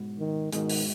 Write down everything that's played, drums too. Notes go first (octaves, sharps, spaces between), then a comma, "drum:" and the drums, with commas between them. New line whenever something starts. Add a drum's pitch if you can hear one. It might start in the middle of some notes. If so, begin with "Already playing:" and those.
Already playing: G#2 B2
D#3
G#2 B2 D#3, drum: hi-hat
drum: open hi-hat